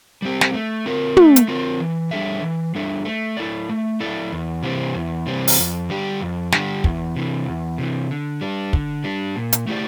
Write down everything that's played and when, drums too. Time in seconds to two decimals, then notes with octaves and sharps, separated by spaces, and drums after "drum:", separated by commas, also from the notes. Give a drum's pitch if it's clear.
0.22 G3 C4 G4
0.41 drum: snare
0.53 A3
0.86 C4 F4 A#4
1.17 A3, drum: tom
1.36 drum: hi-hat
1.48 C4 F4 A#4
1.80 E3
2.11 G3 D4 A4 E5
2.42 E3
2.75 G3 D4 A4 E5
3.05 A3
3.37 E4 A4 D5
3.69 A3
4.00 E4 A4 D5
4.32 E2
4.63 C3 E3 G3 C4
4.95 E2
5.27 C3 E3 G3 C4
5.48 drum: open hi-hat
5.58 F2
5.90 D3 G3 D4 G4
6.21 F2
6.52 D3 G3 D4 G4, drum: snare
6.84 E2, drum: kick
7.16 C3 E3
7.46 E2
7.78 C3 E3
8.10 D3
8.41 G3 D4
8.73 D3, drum: kick
9.04 G3 D4
9.36 A#2
9.53 drum: hi-hat
9.67 A3 E4 G4 D5